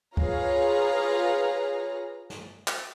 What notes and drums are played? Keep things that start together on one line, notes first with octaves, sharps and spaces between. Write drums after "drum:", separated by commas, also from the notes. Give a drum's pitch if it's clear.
F4 G#4 B4 C#5 F5 A#5, drum: kick C#2
drum: snare
drum: clap